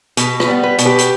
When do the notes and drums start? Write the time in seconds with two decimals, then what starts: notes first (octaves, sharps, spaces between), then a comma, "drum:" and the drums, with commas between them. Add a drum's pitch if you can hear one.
0.17 B2 B4, drum: hi-hat
0.40 B4, drum: rim click
0.48 G3 B3
0.63 B4
0.78 B2, drum: hi-hat
0.85 G4 B4
0.99 drum: hi-hat